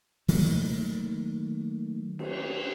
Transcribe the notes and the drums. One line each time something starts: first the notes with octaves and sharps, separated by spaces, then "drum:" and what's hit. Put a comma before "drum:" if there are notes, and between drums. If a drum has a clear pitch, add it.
D#3 F#3 A3 A#3, drum: open hi-hat
drum: cymbal